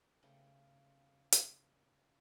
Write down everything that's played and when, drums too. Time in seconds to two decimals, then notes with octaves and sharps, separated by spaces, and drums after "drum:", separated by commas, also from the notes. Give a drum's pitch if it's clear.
0.23 C#3 A3 B4 G5
1.32 drum: hi-hat